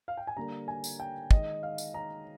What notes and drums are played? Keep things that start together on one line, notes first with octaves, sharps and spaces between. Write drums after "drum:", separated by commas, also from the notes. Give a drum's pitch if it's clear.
F5
G5
G#5
D3 G3 A#3 D4 A#5
G#5
drum: tambourine
G5
D#3 G#3 D#4 D#5, drum: kick
F5
drum: tambourine
A#5